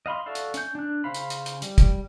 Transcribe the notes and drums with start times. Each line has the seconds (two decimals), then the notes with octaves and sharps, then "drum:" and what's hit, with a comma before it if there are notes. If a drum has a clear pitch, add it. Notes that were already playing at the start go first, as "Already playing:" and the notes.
0.06 D#5 F5 B5 C6
0.26 F#4 A4 D5 E5 F5
0.35 drum: hi-hat
0.54 C#4 G6, drum: hi-hat
0.75 D4 F#6
1.04 C#3 C5 F5 B5
1.14 drum: hi-hat
1.30 drum: hi-hat
1.46 drum: hi-hat
1.62 G3, drum: hi-hat
1.78 drum: kick, hi-hat